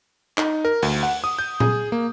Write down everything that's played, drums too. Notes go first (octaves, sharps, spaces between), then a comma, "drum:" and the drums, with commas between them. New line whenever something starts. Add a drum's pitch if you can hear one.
D#4, drum: clap
A#4
D2, drum: open hi-hat
F#5
D#6
G6
G#4, drum: tom A#2
A#3